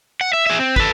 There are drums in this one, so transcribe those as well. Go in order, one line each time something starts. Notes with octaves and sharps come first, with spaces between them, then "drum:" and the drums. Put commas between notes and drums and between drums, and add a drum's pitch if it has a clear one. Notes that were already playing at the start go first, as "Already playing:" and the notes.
F#5
E5
G#4 E5
C4
A4 B4, drum: kick